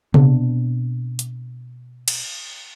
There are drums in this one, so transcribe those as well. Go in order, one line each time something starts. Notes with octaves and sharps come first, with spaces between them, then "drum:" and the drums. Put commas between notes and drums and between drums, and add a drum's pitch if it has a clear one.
B2 B3 C4 D4, drum: tom C3
drum: hi-hat
drum: cymbal